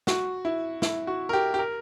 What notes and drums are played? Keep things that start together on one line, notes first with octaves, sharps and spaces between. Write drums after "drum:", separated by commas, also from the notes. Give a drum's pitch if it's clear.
F#4, drum: snare
E4
E4, drum: snare
F#4
A#4
G4
G4
A#4